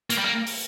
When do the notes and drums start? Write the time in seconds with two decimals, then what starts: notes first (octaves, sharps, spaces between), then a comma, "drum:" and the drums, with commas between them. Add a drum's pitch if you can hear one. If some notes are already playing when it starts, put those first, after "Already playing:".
0.10 A#3, drum: hi-hat
0.18 G3
0.25 A#3
0.47 drum: open hi-hat